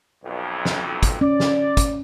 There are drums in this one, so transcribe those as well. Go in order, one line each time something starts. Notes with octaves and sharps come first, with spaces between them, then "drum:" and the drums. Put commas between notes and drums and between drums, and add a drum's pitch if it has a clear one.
B1 F2
drum: snare
drum: kick, hi-hat
C#4 D5
drum: snare
drum: kick, hi-hat